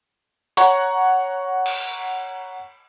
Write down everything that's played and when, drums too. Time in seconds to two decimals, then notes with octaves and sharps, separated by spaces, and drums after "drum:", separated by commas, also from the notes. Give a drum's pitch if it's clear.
0.57 C#5 F#5 A#5 C#6, drum: hi-hat
1.66 drum: cymbal